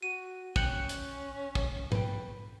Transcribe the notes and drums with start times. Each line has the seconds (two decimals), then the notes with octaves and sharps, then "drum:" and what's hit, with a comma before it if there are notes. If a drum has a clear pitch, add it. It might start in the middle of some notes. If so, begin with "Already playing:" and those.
0.03 F#4 D#7
0.56 C#4 G5 F#6 C#7 F#7, drum: kick
0.89 drum: hi-hat
1.55 drum: kick
1.92 B4 G5, drum: tom G#2